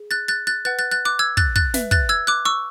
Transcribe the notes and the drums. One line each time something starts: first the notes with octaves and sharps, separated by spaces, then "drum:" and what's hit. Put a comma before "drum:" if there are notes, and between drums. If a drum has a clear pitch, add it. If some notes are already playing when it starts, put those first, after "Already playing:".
Already playing: G#4
F#6 A6
F#6 A6
F#6 A6
B4 F#5 F#6 A6
F#6 A6
F#6 A6
D6 F#6
E6 G#6
F#6 A6, drum: kick
F#6 A6, drum: kick
B4 E5, drum: snare
F#6 A6, drum: kick
E6 G#6
D6 F#6
C#6 E6